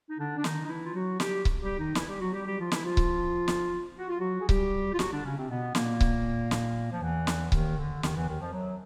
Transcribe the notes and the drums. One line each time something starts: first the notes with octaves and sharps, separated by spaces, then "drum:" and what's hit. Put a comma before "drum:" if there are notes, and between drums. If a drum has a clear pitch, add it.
D#4
D3 D4
D4
D#3 D#4, drum: snare
D#4
E3 E4
F4
F#3 F#4
G3 G4, drum: snare
drum: kick C#1
G3 G4
D#3 D#4
E3 E4, drum: snare
G3 G4
F#3 F#4
G3 G4
G3 G4
F3 F4
E3 E4, drum: snare
F3 F4
drum: kick C#1
drum: snare
F#4
F4
F#3 F#4
G#4
G3 G4, drum: kick C#1
F4
F#3 F#4, drum: snare
D3 D4
C#3 C#4
C3 C4
B2 B3
A#2 A#3, drum: snare
drum: kick C#1
drum: snare
F3
E2 E3
drum: snare
D#2 D#3, drum: kick C#1
D3
D#2 D#3, drum: snare
E2 E3
D#2 D#3
F2 F3
F#2 F#3